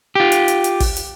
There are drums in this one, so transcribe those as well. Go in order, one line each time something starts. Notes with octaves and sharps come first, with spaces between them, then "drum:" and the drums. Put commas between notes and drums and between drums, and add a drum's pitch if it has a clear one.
F4 G4
drum: hi-hat
drum: hi-hat
drum: hi-hat
drum: kick, open hi-hat
drum: hi-hat